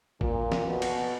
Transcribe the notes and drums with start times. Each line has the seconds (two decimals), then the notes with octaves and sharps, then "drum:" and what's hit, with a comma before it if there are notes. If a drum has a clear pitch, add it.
0.21 A#2, drum: kick G#1
0.52 drum: snare
0.67 B2
0.82 drum: cymbal